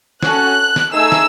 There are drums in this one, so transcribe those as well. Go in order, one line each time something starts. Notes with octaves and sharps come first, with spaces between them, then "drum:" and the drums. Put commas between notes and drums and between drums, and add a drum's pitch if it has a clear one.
C#4 F#4 A4 F#6, drum: snare
drum: snare
A3 D#4 G#4 E6
drum: snare